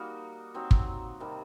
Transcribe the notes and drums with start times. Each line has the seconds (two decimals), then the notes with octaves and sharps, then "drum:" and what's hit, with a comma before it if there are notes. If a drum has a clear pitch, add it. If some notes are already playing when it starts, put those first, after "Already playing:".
Already playing: G3 A#3 D#4 F#4
0.54 F#3 C4 D#4
0.71 drum: kick
1.20 C3 D#3 G3